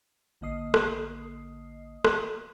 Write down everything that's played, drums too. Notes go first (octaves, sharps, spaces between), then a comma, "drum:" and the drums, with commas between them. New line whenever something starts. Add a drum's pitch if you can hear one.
A1 D3 A#3 D#5 D#6 C7
drum: rim click
drum: rim click